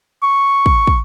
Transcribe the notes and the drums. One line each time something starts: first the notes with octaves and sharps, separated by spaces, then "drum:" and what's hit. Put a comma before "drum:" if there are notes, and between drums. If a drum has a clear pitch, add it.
C#6
drum: kick
drum: kick